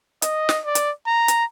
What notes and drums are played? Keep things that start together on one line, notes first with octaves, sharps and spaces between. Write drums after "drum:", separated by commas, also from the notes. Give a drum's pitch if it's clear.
D#5, drum: hi-hat
drum: snare
D5
drum: hi-hat
A#5
drum: hi-hat